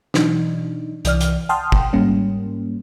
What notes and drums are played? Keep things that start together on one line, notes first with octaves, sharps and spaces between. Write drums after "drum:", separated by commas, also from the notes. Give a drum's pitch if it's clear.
B2 E3 F#3 D4 D#4, drum: snare
C2 E3 D5 F6, drum: hi-hat
drum: hi-hat
F#5 G5 A5 C6 D#6 F6
drum: kick G1
G#2 G3 A#3 C#4